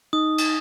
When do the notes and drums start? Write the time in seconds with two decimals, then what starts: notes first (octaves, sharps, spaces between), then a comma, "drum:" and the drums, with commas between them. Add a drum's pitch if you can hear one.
0.13 D#4 D#6
0.38 drum: cymbal